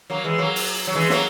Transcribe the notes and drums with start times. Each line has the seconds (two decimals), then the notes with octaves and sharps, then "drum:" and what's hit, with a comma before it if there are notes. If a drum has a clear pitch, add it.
0.10 F#3 A#3
0.24 E3 G#3
0.38 F#3 A#3
0.56 drum: open hi-hat
0.87 F#3
0.95 E3 G#3
1.10 F#3 A#3, drum: snare